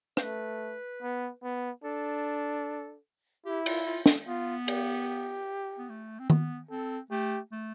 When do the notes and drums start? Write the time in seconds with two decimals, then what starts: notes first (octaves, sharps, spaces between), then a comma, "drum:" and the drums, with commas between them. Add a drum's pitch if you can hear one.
0.17 C5, drum: rim click
0.22 A3 B4
1.02 B3
1.43 B3
1.84 D4 A4
3.45 E4 G4
3.66 F4, drum: cymbal
3.86 F4
4.06 drum: snare
4.27 B3 F4
4.68 G4, drum: cymbal
5.78 B3
5.89 A3
6.19 C4
6.30 B3, drum: tom D#3
6.70 C4 A4
7.11 A3 G4
7.52 A3